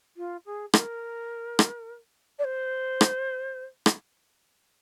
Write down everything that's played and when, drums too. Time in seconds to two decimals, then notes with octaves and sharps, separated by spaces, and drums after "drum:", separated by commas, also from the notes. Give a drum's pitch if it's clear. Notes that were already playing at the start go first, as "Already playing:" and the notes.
0.17 F4
0.45 G#4
0.74 A#4, drum: rim click
1.59 drum: rim click
2.38 D5
2.44 C5
3.01 drum: rim click
3.86 drum: rim click